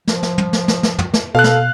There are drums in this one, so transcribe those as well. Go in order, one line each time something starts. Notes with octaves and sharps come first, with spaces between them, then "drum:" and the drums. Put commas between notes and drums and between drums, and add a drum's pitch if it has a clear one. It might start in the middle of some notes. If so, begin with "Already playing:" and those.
F3, drum: snare
drum: snare
drum: tom
drum: snare
drum: snare
drum: snare
drum: tom
drum: snare
B2 A4 F5 F#6
drum: snare